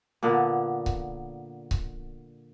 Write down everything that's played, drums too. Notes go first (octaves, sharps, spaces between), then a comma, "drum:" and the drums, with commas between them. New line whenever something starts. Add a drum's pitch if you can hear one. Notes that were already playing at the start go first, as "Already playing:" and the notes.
A#2 D3 B3
drum: kick C#1
drum: kick C#1